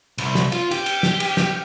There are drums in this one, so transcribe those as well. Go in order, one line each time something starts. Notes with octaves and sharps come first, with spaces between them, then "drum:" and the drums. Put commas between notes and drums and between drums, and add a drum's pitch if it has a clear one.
C2, drum: cymbal
drum: snare
F4, drum: cymbal
G4, drum: cymbal
drum: cymbal
drum: snare
drum: cymbal
drum: snare